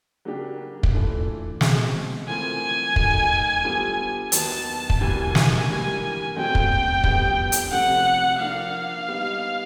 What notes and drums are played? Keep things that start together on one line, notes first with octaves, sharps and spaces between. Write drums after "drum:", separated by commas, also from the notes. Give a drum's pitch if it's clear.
C#3 F#3 A#3 D4 G4
drum: kick
E3 A3 D4 F4 A4
B2 G#3 C4, drum: snare
E3 A3 C4 F4 A#4 G#5
D#3 F#3 A3, drum: kick
G3 B3 D4 F4 A4
D#2 D#3 F#3 B3 A5, drum: hi-hat
drum: kick
D2 C3 E3 G3 A#3 G#5
drum: snare
G2 E3 G3 A#3 G#5
E2 B2 F#3 A3 C4 G5
drum: kick
F2 D3 G3 B3, drum: kick
drum: hi-hat
C2 C3 F3 A3 C4 F#5
F3 A#3 D4 F5
G3 B3 D#4